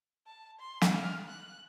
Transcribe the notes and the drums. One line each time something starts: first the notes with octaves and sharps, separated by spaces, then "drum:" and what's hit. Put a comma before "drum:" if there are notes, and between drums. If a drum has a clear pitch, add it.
A5
C6
drum: snare
F6
F#6